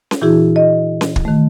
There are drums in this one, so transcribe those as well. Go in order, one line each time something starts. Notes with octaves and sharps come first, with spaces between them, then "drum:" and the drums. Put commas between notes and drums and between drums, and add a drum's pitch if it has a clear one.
drum: snare C#4
A#2 E3 D4 E4 F#4 G#4
D#5
drum: snare C#4
drum: kick
D#3 A3